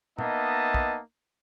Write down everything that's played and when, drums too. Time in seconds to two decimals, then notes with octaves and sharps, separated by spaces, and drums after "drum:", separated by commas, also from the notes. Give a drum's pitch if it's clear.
0.19 A#3 B3 D#4 D#5 E5 A5, drum: tom
0.74 drum: kick